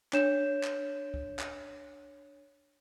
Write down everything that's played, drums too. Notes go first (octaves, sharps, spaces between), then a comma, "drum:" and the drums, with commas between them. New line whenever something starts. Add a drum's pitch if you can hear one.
D4 C#5 G6 E7, drum: clap
drum: clap
drum: kick
drum: clap